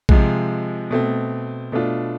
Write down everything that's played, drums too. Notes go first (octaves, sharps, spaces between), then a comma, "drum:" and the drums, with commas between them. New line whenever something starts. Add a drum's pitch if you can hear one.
C3 F3 G#3, drum: kick A#1
B2 A3 C4
B2 A3 D4 F4